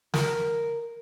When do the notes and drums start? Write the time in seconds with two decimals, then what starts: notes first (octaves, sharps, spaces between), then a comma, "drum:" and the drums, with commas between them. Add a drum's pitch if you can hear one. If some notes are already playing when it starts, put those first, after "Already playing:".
0.14 A#4, drum: snare